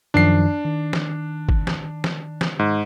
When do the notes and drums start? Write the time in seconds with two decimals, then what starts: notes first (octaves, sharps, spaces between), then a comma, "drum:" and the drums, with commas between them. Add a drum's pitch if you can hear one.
0.14 F#2 D#3 F3 D4 C7
0.65 D#3
0.93 drum: snare
1.49 drum: kick
1.67 drum: snare
2.04 drum: snare
2.41 drum: snare
2.59 G#2